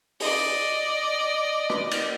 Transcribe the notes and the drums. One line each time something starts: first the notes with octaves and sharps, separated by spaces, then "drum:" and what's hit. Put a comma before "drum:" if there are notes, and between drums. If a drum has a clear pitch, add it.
D5 D#5, drum: open hi-hat
drum: rim click
drum: cymbal